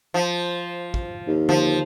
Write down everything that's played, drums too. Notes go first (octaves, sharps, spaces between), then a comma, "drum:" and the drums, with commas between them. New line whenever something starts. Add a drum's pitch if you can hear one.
F3
drum: kick
D#2
F3, drum: tom D3